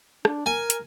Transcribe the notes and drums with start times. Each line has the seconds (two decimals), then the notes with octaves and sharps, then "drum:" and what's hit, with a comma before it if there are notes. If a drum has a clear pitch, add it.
0.25 D4, drum: rim click
0.46 A#4 G#5
0.70 drum: hi-hat